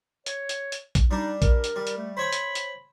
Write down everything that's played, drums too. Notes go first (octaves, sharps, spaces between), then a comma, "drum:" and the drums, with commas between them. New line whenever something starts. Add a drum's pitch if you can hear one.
C#5, drum: hi-hat
drum: hi-hat
drum: hi-hat
drum: kick A#1, hi-hat
G3 D4 D#4
A#4, drum: kick A#1, hi-hat
drum: hi-hat
G3
drum: hi-hat
A3
C5 C#5 G5 B5
drum: hi-hat
drum: hi-hat